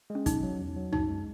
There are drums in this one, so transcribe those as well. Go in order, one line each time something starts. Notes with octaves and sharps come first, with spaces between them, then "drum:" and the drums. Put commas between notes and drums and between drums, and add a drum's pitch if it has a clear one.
G#3
C#4
B1 D#4, drum: kick, hi-hat
F#3
E2
F#3
F#2 D#4, drum: tom C2
G#3